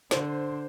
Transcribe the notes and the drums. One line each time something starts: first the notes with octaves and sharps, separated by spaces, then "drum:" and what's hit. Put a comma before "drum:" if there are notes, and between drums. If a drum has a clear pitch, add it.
D3 C5, drum: snare